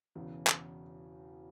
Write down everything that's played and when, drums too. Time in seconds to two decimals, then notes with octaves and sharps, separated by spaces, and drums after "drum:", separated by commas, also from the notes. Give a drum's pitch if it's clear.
0.15 E1 E2 C#3
0.47 drum: clap